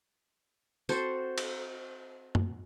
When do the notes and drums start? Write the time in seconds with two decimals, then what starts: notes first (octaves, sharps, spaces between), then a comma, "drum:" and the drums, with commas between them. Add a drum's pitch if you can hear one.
0.89 C4 F#4 A4 C5, drum: tambourine
1.38 drum: cymbal
2.35 drum: tom